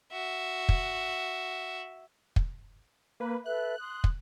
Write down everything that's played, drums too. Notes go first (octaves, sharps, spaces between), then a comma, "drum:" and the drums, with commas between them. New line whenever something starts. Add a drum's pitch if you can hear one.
F#4 E5
drum: kick
drum: kick
A#3 B4
A4 B4 E5 F#6
C6 D#6
drum: kick